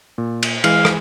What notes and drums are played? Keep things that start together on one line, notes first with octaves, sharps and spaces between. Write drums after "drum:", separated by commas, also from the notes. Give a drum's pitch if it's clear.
A#2
drum: cymbal
E3 G#3 F5 F6, drum: cymbal
drum: rim click